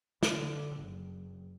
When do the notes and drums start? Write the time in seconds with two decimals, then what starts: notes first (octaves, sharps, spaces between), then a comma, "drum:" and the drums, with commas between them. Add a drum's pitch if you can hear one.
0.23 D3, drum: snare
0.77 F#1